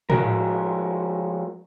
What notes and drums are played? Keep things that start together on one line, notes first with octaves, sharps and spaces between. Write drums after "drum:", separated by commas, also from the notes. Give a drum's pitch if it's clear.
F3 G#3 F#4 A#4, drum: tom A2